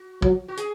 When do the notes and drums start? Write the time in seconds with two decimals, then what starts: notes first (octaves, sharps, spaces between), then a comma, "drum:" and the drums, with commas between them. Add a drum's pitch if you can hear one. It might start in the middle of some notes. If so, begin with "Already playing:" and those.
Already playing: F#4
0.22 F#3, drum: kick
0.48 F#4
0.57 G#4, drum: hi-hat